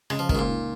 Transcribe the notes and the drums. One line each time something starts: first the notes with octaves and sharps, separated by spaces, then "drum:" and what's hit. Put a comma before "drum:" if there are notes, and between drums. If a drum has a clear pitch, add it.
C#3 G#3, drum: rim click
F3
C#2 D#3, drum: kick
G#2
A#2
D#4